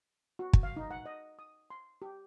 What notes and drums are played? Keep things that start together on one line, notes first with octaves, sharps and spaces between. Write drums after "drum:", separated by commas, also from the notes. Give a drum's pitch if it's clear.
F#4
drum: kick
F5
D#4
F#5
D#5
D#6
C6
G4